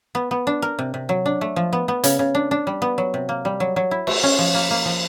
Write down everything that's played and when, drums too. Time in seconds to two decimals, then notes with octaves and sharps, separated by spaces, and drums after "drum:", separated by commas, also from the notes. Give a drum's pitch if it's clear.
0.15 B3
0.31 B3
0.47 D4
0.62 A#4
0.79 C3
0.94 C3
1.09 F#3
1.26 D4
1.41 A3
1.56 F3
1.73 B3
1.88 B3
2.04 C#3, drum: hi-hat
2.19 C#3
2.35 D4
2.51 D4
2.67 G3
2.82 B3
2.98 F#3
3.14 C3
3.29 A#3
3.45 G3
3.60 F#3
3.76 F#3
3.91 E4
4.07 A3, drum: cymbal
4.23 C#4
4.39 F3
4.54 A#3
4.71 A#3
4.85 F3